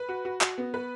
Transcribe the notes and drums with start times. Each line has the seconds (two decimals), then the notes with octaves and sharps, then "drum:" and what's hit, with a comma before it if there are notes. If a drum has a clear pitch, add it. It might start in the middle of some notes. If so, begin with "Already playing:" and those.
Already playing: B4
0.09 F#4
0.25 F#4
0.41 F#4, drum: clap
0.58 B3
0.74 B4